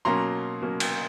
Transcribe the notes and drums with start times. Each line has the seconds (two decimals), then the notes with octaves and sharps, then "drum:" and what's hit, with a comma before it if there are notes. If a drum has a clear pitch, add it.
0.05 B2 F#3 A#3 C#4 A#5 C6
0.62 B2 F#3 A#3 C#4
0.80 drum: cymbal